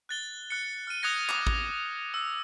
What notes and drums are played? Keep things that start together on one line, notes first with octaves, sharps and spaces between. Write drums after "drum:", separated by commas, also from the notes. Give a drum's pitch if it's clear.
F#6 A6 G7
F#6 C#7
F6 D#7
D#6 F#6 G#6 A#6 C#7
D6 D#6, drum: clap
drum: kick
E6